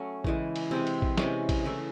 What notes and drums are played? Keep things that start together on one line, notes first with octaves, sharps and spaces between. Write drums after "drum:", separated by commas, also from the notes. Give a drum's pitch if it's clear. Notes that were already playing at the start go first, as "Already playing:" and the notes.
Already playing: F#3 A3 C#4
C#3 E3 G#3, drum: kick A1
drum: cymbal
C3 E3 G#3 C4
drum: cymbal
drum: kick A1
C3 E3 G#3 C#4, drum: snare
drum: kick A1, cymbal
C#3 E3 A3